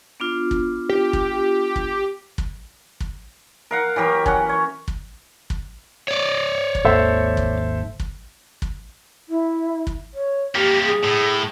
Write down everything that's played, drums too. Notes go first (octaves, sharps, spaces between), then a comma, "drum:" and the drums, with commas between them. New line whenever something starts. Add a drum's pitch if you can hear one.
B3 D4 F4
drum: kick
G4
drum: kick
drum: kick
drum: kick
drum: kick
A#4 F5 F#5
E3 F#3 G4 A#4
C#4 F#5, drum: kick
C#5
drum: kick
drum: kick
C#5 D5
drum: kick
G#1 D#2 A4 C5 E5
drum: kick
drum: kick
drum: kick
E4
drum: kick
C#5
G3 A#3 G4
G#4
A2